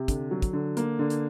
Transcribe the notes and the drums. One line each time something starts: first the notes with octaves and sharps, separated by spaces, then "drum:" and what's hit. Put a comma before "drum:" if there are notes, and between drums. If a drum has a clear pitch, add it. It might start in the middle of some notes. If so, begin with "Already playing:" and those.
Already playing: C3
D3, drum: kick, hi-hat
F#3
drum: kick, hi-hat
D3
A#3, drum: hi-hat
D3
drum: hi-hat